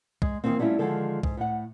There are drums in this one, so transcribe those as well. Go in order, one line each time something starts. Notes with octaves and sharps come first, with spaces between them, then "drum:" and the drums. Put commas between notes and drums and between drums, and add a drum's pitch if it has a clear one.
G#3, drum: kick
D#3 E3 A#3 C4
F#3 G3 A3 C#4 E4 F4
D3 D#3 F3 G#3 A4
G#2, drum: kick
A2 F#5